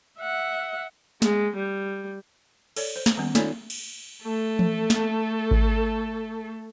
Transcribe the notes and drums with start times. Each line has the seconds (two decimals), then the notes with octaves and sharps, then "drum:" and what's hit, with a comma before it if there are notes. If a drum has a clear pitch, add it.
0.19 E5 F#5
1.22 G#3, drum: snare
1.56 G3
2.76 A4 C#5 D5, drum: cymbal
2.96 C5
3.06 drum: snare
3.17 D#3 G3 B3 C#4
3.35 C#4 D#4 F4 A4 C#5 D5, drum: snare
3.70 drum: cymbal
4.23 A3 A4
4.59 drum: tom E3
4.90 drum: snare
5.51 drum: kick G#1